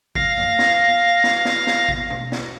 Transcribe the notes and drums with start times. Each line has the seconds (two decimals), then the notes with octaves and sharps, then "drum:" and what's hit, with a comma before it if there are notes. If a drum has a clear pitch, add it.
0.15 F5 A#6, drum: kick A1
0.37 drum: tom F#2
0.59 drum: snare
1.24 drum: snare
1.45 drum: snare
1.67 drum: snare
1.89 drum: kick A1
2.10 drum: tom B2
2.32 drum: snare